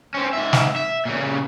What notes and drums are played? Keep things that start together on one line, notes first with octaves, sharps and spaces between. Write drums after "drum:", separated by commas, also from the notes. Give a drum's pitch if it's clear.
C4 C#4
G#2 E5
drum: snare
E5
A#2 C#3